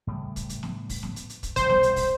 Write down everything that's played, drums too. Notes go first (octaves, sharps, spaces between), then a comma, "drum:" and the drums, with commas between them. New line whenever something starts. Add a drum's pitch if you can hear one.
A2 C#3 G3
drum: kick, hi-hat
drum: hi-hat
drum: snare
drum: kick, open hi-hat
drum: snare
drum: hi-hat
drum: hi-hat
drum: kick, hi-hat
E1 C2 A2 C5, drum: hi-hat
drum: snare
drum: hi-hat
drum: kick, open hi-hat